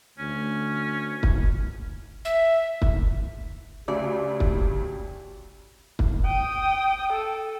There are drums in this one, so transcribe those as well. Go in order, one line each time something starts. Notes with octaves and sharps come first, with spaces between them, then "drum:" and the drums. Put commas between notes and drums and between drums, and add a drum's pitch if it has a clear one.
D2 C#4
drum: kick
E5
drum: kick
D2 C#3 G4 D5
drum: kick
drum: kick
G5 D#6
A4